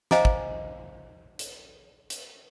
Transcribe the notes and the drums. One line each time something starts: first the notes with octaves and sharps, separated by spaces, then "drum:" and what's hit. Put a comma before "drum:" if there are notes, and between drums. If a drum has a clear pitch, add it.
C5 D#5 F5 G#5 A#5 D6, drum: snare
drum: kick
drum: hi-hat
drum: hi-hat